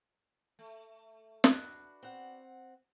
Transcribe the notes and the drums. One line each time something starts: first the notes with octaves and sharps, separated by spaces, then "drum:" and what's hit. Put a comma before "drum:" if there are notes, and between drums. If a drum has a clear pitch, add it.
A3
D4 F#4 B4, drum: snare
C4 F#5